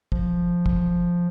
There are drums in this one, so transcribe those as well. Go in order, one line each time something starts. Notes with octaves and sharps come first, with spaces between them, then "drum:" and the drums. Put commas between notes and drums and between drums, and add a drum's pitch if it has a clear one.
F3, drum: kick
drum: kick